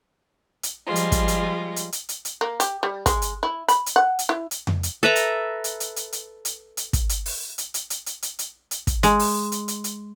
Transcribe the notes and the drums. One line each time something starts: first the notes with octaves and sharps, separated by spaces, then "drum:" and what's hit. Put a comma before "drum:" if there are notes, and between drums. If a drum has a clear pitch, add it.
drum: hi-hat
F3 G3 G#3 F4
drum: hi-hat
drum: kick, hi-hat
drum: hi-hat
drum: hi-hat
drum: hi-hat
drum: hi-hat
drum: hi-hat
A#3
G4, drum: hi-hat
G3
G#3, drum: kick, hi-hat
drum: hi-hat
E4
B5, drum: hi-hat
drum: hi-hat
F#5
drum: hi-hat
E4
drum: hi-hat
drum: tom F2
drum: hi-hat
A4 B4 E5 A#5
drum: hi-hat
drum: hi-hat
drum: hi-hat
drum: hi-hat
drum: hi-hat
drum: hi-hat
drum: hi-hat
drum: kick, hi-hat
drum: hi-hat
drum: open hi-hat
drum: hi-hat
drum: hi-hat
drum: hi-hat
drum: hi-hat
drum: hi-hat
drum: hi-hat
drum: hi-hat
drum: kick, hi-hat
G#3, drum: hi-hat
drum: open hi-hat
drum: hi-hat
drum: hi-hat
drum: hi-hat